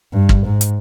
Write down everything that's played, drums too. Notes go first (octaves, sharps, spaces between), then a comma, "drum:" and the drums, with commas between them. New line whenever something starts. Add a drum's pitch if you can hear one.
G2
drum: kick
G#2
drum: hi-hat